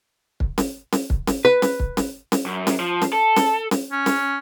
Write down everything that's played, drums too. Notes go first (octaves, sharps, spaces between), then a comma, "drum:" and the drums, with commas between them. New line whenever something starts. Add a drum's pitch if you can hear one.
drum: kick
drum: snare C#4
drum: snare C#4
drum: kick
drum: snare C#4
B4
drum: snare C#4
drum: kick
drum: snare C#4
drum: snare C#4
F#2
drum: snare C#4
F3
drum: snare C#4
A4
drum: snare C#4
drum: snare C#4
C#4
drum: snare C#4